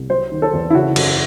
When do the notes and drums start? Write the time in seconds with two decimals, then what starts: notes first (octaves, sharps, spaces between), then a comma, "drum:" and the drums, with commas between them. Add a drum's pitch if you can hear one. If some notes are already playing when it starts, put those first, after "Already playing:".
Already playing: C2
0.10 F#3 C5
0.31 D#3
0.42 A4
0.53 E2
0.70 E4
0.75 C#3 F#4
0.96 F#2, drum: cymbal